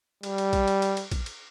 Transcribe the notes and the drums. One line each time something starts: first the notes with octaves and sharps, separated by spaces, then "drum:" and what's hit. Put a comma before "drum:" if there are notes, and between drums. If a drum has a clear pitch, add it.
G3, drum: cymbal
drum: cymbal
drum: kick, cymbal
drum: cymbal
drum: cymbal
drum: cymbal
drum: kick, cymbal
drum: cymbal